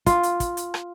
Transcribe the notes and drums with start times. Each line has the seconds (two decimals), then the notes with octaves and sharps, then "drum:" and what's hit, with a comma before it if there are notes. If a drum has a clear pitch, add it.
0.06 F4, drum: kick, hi-hat
0.23 drum: hi-hat
0.40 drum: kick, hi-hat
0.57 drum: hi-hat
0.74 drum: rim click